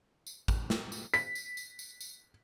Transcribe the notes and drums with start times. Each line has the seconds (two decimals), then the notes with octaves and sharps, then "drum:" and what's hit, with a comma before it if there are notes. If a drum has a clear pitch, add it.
0.27 drum: tambourine
0.48 drum: kick, tambourine
0.70 drum: snare
0.92 drum: tambourine
1.14 B6, drum: tambourine
1.35 drum: tambourine
1.57 drum: tambourine
1.79 drum: tambourine
2.01 drum: tambourine